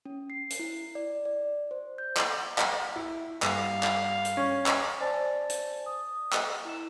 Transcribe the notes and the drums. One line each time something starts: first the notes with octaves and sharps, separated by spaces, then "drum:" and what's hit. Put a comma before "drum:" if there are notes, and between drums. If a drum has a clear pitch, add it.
C#4
C7
drum: hi-hat
E4
D5
D5
C5
G6
drum: clap
F#5
drum: clap
E4
G2 F5, drum: clap
drum: clap
drum: hi-hat
C#4
drum: clap
C5 D5 G#5 A5 A6
drum: hi-hat
D#6
drum: clap
E4 E7